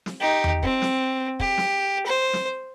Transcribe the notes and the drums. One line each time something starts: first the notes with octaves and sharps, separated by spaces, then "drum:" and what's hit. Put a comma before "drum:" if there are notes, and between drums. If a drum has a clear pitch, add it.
drum: snare
D#4 G4
drum: tom E2
C4, drum: kick
drum: snare
G4, drum: kick
drum: snare
C5
drum: snare